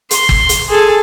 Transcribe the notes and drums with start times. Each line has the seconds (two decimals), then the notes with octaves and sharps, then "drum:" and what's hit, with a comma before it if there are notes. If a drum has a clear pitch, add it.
0.11 C6, drum: hi-hat
0.29 drum: kick G1
0.49 drum: hi-hat
0.69 G#4 A4